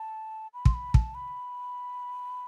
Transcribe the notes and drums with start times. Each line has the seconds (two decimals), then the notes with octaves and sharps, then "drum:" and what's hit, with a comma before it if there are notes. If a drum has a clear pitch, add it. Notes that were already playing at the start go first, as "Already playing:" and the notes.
Already playing: A5
0.54 B5
0.65 C6, drum: kick
0.74 B5
0.94 A5, drum: kick
1.15 B5